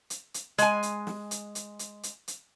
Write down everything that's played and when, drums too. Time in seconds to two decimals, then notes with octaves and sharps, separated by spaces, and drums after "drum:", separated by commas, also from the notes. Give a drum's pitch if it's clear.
0.10 drum: hi-hat
0.34 drum: hi-hat
0.58 G#3 G#5, drum: hi-hat
0.83 drum: hi-hat
1.07 drum: snare
1.31 drum: hi-hat
1.55 drum: hi-hat
1.79 drum: hi-hat
2.03 drum: hi-hat
2.28 drum: hi-hat